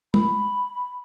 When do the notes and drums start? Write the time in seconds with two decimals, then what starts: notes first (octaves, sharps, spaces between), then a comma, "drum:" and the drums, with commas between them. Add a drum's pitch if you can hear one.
0.14 B5, drum: tom